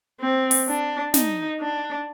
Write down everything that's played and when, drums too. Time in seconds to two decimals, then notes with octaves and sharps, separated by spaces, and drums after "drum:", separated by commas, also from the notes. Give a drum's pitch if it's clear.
0.21 C4
0.51 drum: open hi-hat
0.68 D4
1.14 D#4, drum: snare
1.61 D4